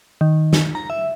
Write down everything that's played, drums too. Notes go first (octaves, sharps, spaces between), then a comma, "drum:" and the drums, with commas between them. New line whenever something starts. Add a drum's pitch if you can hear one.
D#3
drum: snare
A#5
E5